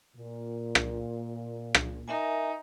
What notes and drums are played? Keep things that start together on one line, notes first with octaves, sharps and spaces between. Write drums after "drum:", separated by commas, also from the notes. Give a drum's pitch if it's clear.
A#2
drum: rim click
drum: rim click
D#4 A#4 E5 G#5